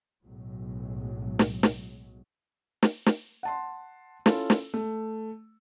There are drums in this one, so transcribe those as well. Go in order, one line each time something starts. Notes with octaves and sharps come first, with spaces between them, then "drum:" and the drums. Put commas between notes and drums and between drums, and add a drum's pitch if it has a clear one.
B1 A2 F#3 G#3
drum: snare
drum: snare
drum: snare
drum: snare
F#5 A5 C6
C#4 E4 F4 A4, drum: snare
drum: snare
A3